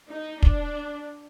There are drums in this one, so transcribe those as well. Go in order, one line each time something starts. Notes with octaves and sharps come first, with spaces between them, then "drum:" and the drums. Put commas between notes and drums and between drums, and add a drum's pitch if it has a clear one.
D#4
D4, drum: kick